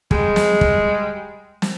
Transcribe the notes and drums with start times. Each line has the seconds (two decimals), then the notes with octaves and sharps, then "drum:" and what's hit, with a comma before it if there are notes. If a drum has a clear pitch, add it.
0.11 G3 G#3, drum: kick
0.36 drum: snare
0.61 drum: kick
1.62 drum: snare